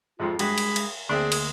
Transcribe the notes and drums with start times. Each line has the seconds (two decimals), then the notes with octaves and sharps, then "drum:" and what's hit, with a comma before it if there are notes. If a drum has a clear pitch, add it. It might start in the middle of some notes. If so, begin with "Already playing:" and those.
0.20 G#1 F2 G#2 C3 F4
0.39 G2 G#3 F#4 G#4 B5, drum: cymbal
0.58 drum: cymbal
0.76 drum: cymbal
1.09 D2 A#3 C4 D4 G#4 E5 C6
1.32 G#3, drum: cymbal